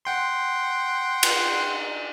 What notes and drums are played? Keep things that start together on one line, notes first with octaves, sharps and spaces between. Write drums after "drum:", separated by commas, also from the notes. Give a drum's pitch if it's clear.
F#5 G5 C6
drum: cymbal